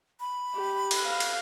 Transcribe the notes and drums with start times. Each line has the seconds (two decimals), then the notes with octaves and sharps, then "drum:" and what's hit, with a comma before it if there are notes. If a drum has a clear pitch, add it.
0.20 B5
0.55 G4
0.91 drum: cymbal
1.06 F5
1.20 drum: cymbal